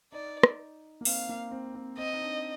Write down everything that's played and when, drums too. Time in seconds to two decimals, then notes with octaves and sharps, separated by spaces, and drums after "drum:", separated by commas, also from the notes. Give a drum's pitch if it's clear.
0.12 D#4 D5
0.43 drum: rim click
1.01 A#3
1.05 C4 F5, drum: open hi-hat
1.29 A#3
1.51 C4
1.75 C4
1.98 C4 D#5
2.13 D#4
2.22 D4